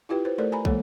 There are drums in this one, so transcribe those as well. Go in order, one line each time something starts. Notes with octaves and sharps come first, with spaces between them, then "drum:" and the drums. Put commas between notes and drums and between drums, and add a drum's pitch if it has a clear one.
E4 F4 G4 B4 G5
B4 C5
A3 A4 A#4 C5 D5
G#5 A#5 B5
E3 G#3 A#3 A4 C#5, drum: kick